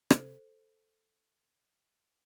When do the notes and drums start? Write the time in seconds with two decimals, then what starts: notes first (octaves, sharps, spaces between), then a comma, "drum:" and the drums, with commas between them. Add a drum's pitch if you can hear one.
0.10 A4 C5, drum: rim click